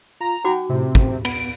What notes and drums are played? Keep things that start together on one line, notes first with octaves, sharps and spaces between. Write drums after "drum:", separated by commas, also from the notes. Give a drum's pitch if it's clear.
F4 A#5
D#4 F#4 F#5 G5 D6
A2 C3
drum: kick
B3 B5 D7, drum: cymbal